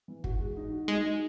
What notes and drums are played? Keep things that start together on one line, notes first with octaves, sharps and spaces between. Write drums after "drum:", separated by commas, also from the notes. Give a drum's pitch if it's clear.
E3
F#4, drum: kick
G#3
D#4
F#4
G#3 D#4
D#4